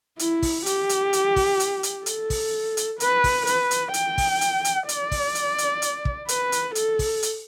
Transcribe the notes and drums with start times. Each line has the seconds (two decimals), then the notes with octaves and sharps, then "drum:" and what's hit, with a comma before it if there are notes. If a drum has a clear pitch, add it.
0.19 E4, drum: hi-hat
0.42 drum: kick, open hi-hat
0.66 G4, drum: hi-hat
0.89 drum: hi-hat
1.13 drum: hi-hat
1.36 drum: kick, open hi-hat
1.60 drum: hi-hat
1.83 drum: hi-hat
2.06 A4, drum: hi-hat
2.30 drum: kick, open hi-hat
2.77 drum: hi-hat
3.00 B4, drum: hi-hat
3.24 drum: kick, open hi-hat
3.47 B4, drum: hi-hat
3.71 drum: hi-hat
3.94 G5, drum: hi-hat
4.18 drum: kick, open hi-hat
4.41 drum: hi-hat
4.65 drum: hi-hat
4.89 D5, drum: hi-hat
5.11 drum: kick, open hi-hat
5.35 drum: hi-hat
5.58 drum: hi-hat
5.82 drum: hi-hat
6.05 drum: kick
6.29 B4, drum: hi-hat
6.52 drum: hi-hat
6.75 A4, drum: hi-hat
6.99 drum: kick, open hi-hat
7.23 drum: hi-hat